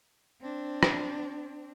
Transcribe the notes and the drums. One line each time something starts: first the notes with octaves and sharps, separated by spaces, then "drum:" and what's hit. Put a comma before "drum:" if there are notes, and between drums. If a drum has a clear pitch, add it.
C4 D4
drum: rim click